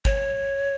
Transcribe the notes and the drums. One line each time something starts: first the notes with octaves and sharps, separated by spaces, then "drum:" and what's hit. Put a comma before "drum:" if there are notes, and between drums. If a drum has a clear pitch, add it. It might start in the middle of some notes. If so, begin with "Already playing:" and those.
C#5, drum: kick G#1